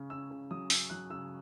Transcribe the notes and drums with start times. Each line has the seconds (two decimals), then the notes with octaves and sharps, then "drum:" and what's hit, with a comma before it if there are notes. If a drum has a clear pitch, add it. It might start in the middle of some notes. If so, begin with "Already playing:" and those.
Already playing: C#3 C#4
0.10 C#4 E6
0.31 C#3
0.51 F#3 D#6
0.70 C#4 E6, drum: open hi-hat
0.90 F#3 F#6
1.10 C#3 E6